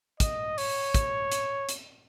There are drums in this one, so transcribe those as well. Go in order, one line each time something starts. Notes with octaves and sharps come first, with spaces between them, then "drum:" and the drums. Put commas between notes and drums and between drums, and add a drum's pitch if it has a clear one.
D#5, drum: kick, hi-hat
C#5, drum: open hi-hat
drum: kick, hi-hat
drum: hi-hat
drum: hi-hat